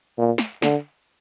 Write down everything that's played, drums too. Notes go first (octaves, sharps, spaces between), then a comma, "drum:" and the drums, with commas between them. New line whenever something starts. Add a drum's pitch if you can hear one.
A#2
drum: snare
D3, drum: snare